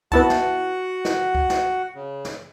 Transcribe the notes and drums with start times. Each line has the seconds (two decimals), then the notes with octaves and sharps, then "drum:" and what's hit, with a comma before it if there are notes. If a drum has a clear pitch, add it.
0.12 B3 E4 F#4 F#5 A5, drum: kick C#2
0.30 drum: snare
1.05 drum: snare
1.35 drum: kick C#2
1.50 drum: snare
1.95 C#3
2.25 drum: snare